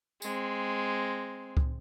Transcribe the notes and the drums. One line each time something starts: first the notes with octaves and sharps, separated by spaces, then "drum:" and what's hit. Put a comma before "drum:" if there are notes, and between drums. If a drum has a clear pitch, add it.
G#3 C4, drum: tambourine
drum: kick C#2